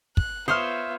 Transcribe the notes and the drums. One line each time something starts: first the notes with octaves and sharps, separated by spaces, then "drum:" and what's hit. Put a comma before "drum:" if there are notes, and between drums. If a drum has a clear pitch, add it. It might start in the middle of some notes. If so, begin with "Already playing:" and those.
F#6, drum: kick
B3 F4 C5 C#5 E5 C6 D#6 F6